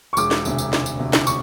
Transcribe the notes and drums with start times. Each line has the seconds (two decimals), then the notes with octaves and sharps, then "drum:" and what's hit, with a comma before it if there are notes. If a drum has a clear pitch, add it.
0.13 C#6
0.17 E1 D6, drum: tambourine
0.31 drum: snare
0.45 D2 C3, drum: tambourine
0.59 drum: tambourine
0.73 E1, drum: snare
0.86 drum: tambourine
1.00 D2 C3
1.13 drum: snare
1.27 C#6, drum: tambourine